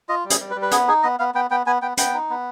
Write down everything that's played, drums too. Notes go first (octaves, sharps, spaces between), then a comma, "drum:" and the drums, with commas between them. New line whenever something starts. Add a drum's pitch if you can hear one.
F4 D#5
G3
G#4, drum: hi-hat
G3
B4
G3
B4
B3 G#4, drum: hi-hat
D#4 G#4
B3 D#5
B3 F5
B3 G5
B3 G5
B3 G#5
B3 G5
B3 G5, drum: hi-hat
D#4
B3